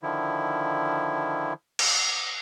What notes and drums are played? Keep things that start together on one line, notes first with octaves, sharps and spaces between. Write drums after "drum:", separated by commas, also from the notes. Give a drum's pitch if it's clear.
D3 D#3 F3 E4
drum: cymbal